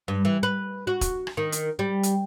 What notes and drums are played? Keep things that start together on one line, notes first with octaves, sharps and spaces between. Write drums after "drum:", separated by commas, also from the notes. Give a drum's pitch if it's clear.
G2
E3
B4
F#4
drum: kick, hi-hat
drum: rim click
D#3
drum: hi-hat
G3
drum: hi-hat